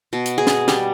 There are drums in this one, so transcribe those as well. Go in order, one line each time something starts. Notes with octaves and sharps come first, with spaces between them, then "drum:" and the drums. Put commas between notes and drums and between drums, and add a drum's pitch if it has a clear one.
B2
drum: hi-hat
G#4
drum: snare
G3, drum: snare